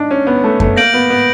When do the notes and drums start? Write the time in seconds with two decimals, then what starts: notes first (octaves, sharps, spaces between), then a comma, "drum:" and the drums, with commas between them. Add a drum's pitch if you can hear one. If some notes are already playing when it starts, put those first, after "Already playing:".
Already playing: D4 D#4
0.11 C#4
0.27 B3
0.44 A3
0.60 A3, drum: kick F#2
0.76 A#3 G6 A#6 D7 F#7
0.94 B3
1.10 B3